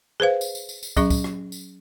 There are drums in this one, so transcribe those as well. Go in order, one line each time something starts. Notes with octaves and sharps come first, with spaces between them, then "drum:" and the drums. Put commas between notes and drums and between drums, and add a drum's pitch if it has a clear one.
G#4 B4 C5 F5
drum: tambourine
drum: tambourine
drum: tambourine
drum: tambourine
F#3 C#4 G#4 E5 C#6, drum: kick, tambourine
drum: kick, tambourine
drum: rim click
drum: tambourine